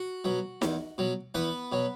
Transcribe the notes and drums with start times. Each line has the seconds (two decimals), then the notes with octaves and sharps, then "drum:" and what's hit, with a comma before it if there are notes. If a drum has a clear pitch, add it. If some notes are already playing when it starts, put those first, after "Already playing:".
Already playing: F#4
0.24 B2 F#3
0.62 E2, drum: snare D#4
0.98 B2 F#3
1.35 E2 B3 B4
1.72 B2 F#3